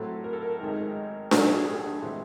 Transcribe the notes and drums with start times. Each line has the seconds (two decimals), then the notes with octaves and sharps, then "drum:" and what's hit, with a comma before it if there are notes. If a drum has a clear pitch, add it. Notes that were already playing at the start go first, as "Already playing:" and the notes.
Already playing: A2 F#3 A3 C4 A4
0.24 A#4
0.33 A4
0.43 A#4
0.59 G#1 G#2 D#3 G#3 A#4
1.31 B1 A2 F#3 A#3 D4 A4, drum: snare D4
1.49 G#4
1.66 G4
2.02 A2 E3 G#3 C4